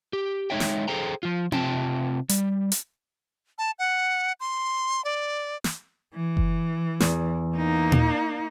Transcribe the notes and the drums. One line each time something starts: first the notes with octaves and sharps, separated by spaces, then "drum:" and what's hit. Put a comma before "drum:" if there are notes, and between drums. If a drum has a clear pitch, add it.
G4
G#3 A#3 D#4 C#5 E5 G5
drum: snare
G#4 A4 C5 G5 A#5
F3 F4
C3 C4 F4 G5 A5, drum: tom C4
G3, drum: hi-hat
drum: hi-hat
A5
F#5
C6
D5
drum: snare
E3
drum: kick F#1
E2, drum: snare
A#3 D#4
drum: tom A#2